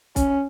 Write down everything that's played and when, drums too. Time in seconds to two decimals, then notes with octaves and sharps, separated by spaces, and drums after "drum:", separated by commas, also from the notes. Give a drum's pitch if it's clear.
0.16 C#4, drum: kick B1, hi-hat